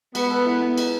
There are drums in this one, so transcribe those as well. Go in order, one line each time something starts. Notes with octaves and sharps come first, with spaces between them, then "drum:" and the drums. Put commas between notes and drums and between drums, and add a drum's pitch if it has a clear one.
G#3 B3, drum: cymbal
A4
E4
B3
G#3, drum: cymbal